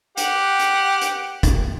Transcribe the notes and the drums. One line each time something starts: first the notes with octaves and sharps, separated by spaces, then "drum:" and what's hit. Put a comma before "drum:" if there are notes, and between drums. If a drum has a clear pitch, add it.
G4 F#5, drum: hi-hat
drum: hi-hat
drum: hi-hat
drum: kick, hi-hat